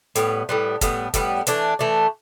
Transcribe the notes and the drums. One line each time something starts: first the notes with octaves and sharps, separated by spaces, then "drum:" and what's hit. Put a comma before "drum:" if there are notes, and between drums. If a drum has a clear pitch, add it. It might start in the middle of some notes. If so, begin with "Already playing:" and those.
A2 G3 B3, drum: hi-hat
A2 G3 B3
A2 G3 B3, drum: kick, hi-hat
A2 G3 B3, drum: kick, hi-hat
E3 A3 D4, drum: hi-hat
E3 A3 D4